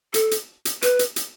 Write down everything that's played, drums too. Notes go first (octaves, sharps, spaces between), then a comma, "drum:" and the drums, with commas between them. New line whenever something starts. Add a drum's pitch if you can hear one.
A4, drum: hi-hat
drum: hi-hat
drum: hi-hat
B4, drum: hi-hat
drum: hi-hat
drum: hi-hat